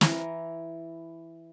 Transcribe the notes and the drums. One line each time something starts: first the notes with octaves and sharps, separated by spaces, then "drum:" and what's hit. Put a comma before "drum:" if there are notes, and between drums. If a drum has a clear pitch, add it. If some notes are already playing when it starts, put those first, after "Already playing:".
E3 A#5, drum: snare